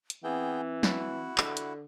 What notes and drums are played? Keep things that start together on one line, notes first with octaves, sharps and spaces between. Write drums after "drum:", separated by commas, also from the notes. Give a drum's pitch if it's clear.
drum: hi-hat
E3 B3 C4 G#4 G5
E4 F#4, drum: snare
D3, drum: clap
drum: hi-hat